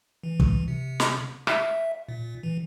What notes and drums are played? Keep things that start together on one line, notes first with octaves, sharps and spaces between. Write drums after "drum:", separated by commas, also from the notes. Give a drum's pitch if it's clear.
E3
drum: kick
C3
drum: snare
E5, drum: rim click
A#2
E3